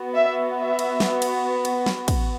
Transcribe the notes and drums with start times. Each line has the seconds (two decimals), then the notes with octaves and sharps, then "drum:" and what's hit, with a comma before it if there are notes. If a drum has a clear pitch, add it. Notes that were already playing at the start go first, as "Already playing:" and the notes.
Already playing: B3 F#4
0.14 E5
0.57 E5
0.79 drum: cymbal
1.00 drum: snare
1.22 drum: cymbal
1.65 drum: cymbal
1.86 drum: snare
2.08 drum: kick, cymbal